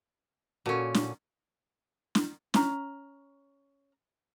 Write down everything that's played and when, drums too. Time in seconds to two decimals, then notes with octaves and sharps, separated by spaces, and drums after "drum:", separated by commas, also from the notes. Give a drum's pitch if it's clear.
0.66 A#2 C#4 F#4 A4
0.95 drum: snare
2.15 drum: snare
2.54 C#4 A#5, drum: snare